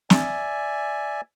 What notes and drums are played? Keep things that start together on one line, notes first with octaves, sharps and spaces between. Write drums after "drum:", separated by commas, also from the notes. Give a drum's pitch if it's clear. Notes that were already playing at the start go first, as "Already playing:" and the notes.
D5 E5 G#5, drum: snare